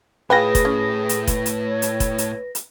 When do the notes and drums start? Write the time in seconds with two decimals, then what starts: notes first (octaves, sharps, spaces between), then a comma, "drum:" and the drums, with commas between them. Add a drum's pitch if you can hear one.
0.30 A2 F4 G#4 B4 G5 G#5 A#6
0.55 drum: kick F1, hi-hat
0.65 C#4
1.09 drum: hi-hat
1.27 drum: kick F1, hi-hat
1.46 drum: hi-hat
1.64 C#5
1.82 drum: hi-hat
2.00 drum: kick F1, hi-hat
2.18 drum: hi-hat
2.55 drum: hi-hat